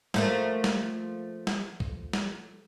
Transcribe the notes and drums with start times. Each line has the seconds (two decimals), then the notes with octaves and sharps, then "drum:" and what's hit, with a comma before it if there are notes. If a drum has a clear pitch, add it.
0.14 F3 A3 A#3, drum: snare
0.64 drum: snare
1.47 drum: snare
1.80 drum: kick
2.13 drum: snare